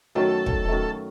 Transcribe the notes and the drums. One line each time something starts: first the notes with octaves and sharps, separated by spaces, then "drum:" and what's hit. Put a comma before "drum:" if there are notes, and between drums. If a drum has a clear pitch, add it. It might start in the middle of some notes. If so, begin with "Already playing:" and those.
F#2 D#3 F#3 A3 A4
drum: kick
F#2 D#3 F#3 A3